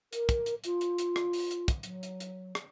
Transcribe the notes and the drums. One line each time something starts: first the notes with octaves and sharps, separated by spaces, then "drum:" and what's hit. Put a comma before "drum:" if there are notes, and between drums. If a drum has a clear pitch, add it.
A#4, drum: hi-hat
drum: kick, hi-hat
drum: hi-hat
F4, drum: hi-hat
drum: hi-hat
drum: hi-hat
drum: rim click
drum: open hi-hat
drum: hi-hat
drum: kick, hi-hat
F#3, drum: hi-hat
drum: hi-hat
drum: hi-hat
drum: rim click